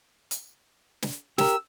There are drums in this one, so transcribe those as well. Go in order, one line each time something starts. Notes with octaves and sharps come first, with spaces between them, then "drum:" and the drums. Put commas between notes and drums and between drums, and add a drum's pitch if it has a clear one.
drum: hi-hat
drum: snare
G4 A#4 E6, drum: snare